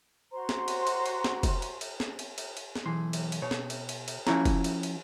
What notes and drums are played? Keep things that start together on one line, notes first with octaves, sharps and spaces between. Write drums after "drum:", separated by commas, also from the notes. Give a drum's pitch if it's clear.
F#4 C5 A#5 C6
drum: snare
drum: cymbal
drum: cymbal
drum: cymbal
drum: snare
drum: kick F1, cymbal
drum: cymbal
drum: cymbal
drum: snare
drum: cymbal
drum: cymbal
drum: cymbal
drum: snare
B1 E3 C6
drum: cymbal
drum: cymbal
B2 C#5
drum: snare
drum: cymbal
drum: cymbal
drum: cymbal
F3 C#4 E4 F#4 C#5 A#5, drum: snare
drum: kick F1, cymbal
drum: cymbal
drum: cymbal